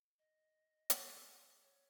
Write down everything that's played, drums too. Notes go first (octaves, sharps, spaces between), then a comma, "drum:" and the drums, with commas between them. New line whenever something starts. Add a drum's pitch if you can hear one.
D#5
drum: hi-hat
C#5